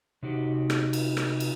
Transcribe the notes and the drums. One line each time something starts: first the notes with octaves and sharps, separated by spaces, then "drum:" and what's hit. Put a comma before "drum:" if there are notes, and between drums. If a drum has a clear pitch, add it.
C3 D#4 F#4 G4
drum: rim click
drum: cymbal
drum: rim click
drum: cymbal